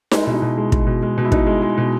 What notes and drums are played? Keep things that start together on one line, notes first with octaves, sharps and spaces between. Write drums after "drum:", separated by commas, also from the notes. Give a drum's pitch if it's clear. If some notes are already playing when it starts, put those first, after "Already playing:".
G#3 D#4, drum: snare D#4
B2 E4
D#4
B2
G#3
G#3, drum: kick
B2
G#3
B2
E4
B2 D#4, drum: kick
G#3
G#3
B2